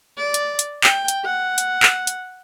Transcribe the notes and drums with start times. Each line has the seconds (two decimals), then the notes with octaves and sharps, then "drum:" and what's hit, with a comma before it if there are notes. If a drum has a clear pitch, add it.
0.17 D5
0.34 drum: hi-hat
0.59 drum: hi-hat
0.84 G5, drum: clap
1.08 drum: hi-hat
1.24 F#5
1.58 drum: hi-hat
1.83 drum: clap
2.07 drum: hi-hat